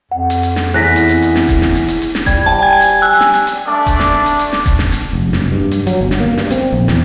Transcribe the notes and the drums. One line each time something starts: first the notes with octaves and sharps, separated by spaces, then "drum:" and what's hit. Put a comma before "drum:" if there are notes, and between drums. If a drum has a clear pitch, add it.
F2 F#5
drum: hi-hat
drum: hi-hat
drum: snare
E2 F#6 A#6 B6
drum: hi-hat
drum: hi-hat
drum: hi-hat
drum: snare
drum: kick E1, hi-hat
drum: snare
drum: hi-hat
drum: hi-hat
drum: hi-hat
drum: snare
G3 G#6, drum: kick E1, hi-hat
G5 A5
G#5 G#6
drum: hi-hat
G#5 E6 F#6
drum: snare
drum: hi-hat
drum: hi-hat
A3 D4 D5
drum: kick E1, hi-hat
drum: snare
drum: hi-hat
drum: hi-hat
drum: snare
drum: kick E1, hi-hat
drum: snare
drum: hi-hat
F1
F#1, drum: snare
G2
drum: hi-hat
F#3, drum: hi-hat
G1
drum: snare
A#3
G2, drum: snare
C4, drum: hi-hat
A#1
E2, drum: snare